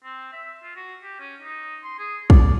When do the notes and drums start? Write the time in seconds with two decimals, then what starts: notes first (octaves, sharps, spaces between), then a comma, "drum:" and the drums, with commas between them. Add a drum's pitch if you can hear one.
0.04 C4
0.33 E5
0.63 F4
0.76 F#4
1.03 G4
1.20 C#4
1.41 D#4
1.83 C6
1.99 G#4
2.30 D5, drum: kick